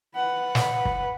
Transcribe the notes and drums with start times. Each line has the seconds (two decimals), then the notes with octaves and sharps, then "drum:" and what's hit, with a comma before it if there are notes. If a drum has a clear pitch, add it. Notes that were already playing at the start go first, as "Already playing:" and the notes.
0.15 B4 F#5
0.55 drum: snare
0.85 drum: kick